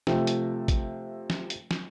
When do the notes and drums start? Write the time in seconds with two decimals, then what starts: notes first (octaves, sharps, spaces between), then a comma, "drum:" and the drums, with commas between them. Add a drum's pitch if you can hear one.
0.07 C3 F3 A3, drum: snare
0.27 drum: hi-hat
0.68 drum: kick, hi-hat
1.30 drum: snare
1.50 drum: hi-hat
1.71 drum: snare